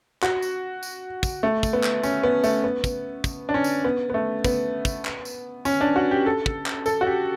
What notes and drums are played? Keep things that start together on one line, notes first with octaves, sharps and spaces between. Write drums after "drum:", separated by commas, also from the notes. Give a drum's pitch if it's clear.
F#4, drum: clap
drum: tambourine
drum: tambourine
drum: kick, tambourine
A3
drum: kick, tambourine
B3
drum: clap
C#4, drum: tambourine
B3
A3, drum: tambourine
B3
drum: kick, tambourine
drum: kick, tambourine
D4
C#4
drum: tambourine
B3
B3
A3
B3, drum: kick, tambourine
drum: kick, tambourine
drum: clap
drum: tambourine
C#4, drum: tambourine
D4
F#4
G4
A4
drum: kick
drum: clap
A4, drum: tambourine
F#4
G4